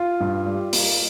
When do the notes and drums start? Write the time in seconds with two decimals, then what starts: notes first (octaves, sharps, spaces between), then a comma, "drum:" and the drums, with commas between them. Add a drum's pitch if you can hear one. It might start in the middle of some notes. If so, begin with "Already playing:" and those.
Already playing: F4
0.20 G2
0.46 G3
0.73 A#3, drum: open hi-hat